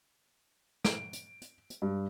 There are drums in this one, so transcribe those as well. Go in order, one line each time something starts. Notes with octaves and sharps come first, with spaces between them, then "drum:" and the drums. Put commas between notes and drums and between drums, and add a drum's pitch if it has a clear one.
D7, drum: snare
drum: hi-hat
drum: hi-hat
drum: hi-hat
G2